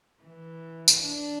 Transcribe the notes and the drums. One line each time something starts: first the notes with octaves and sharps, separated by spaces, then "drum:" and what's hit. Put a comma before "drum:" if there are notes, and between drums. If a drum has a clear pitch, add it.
E3
drum: tambourine
D4